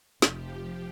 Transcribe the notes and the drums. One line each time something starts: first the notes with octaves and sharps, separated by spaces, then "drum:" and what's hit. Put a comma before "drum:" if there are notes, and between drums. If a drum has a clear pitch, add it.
F1 F3 G4, drum: snare